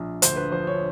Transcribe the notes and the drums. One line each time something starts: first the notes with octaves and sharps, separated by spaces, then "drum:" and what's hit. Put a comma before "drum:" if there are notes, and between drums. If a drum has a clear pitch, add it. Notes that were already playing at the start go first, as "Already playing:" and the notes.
Already playing: A#1
D2 C5, drum: hi-hat
B4
F3 C5
C#5